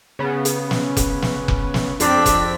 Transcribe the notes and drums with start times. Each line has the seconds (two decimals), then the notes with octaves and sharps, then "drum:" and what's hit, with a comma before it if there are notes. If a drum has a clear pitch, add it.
0.19 C#3 B3
0.45 drum: hi-hat
0.71 drum: snare
0.97 drum: kick F1, hi-hat
1.22 drum: snare
1.48 drum: kick F1
1.74 drum: snare
2.00 F2 C4 D4 B6, drum: hi-hat
2.26 drum: kick F1, hi-hat